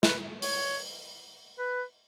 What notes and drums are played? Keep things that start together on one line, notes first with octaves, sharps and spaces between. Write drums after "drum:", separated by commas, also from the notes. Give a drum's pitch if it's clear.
B4, drum: snare
C#5, drum: open hi-hat
B4